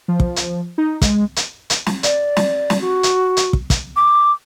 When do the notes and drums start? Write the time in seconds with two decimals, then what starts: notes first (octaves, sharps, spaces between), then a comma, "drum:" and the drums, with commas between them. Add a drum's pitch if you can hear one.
0.08 F3
0.20 drum: kick
0.36 drum: hi-hat
0.78 D#4
1.02 G#3, drum: kick, hi-hat
1.36 drum: hi-hat
1.70 drum: hi-hat
1.86 drum: snare
2.03 D5, drum: hi-hat
2.37 drum: snare
2.70 drum: snare
2.81 F#4
3.03 drum: hi-hat
3.37 drum: hi-hat
3.53 drum: kick
3.70 drum: kick, hi-hat
3.96 D6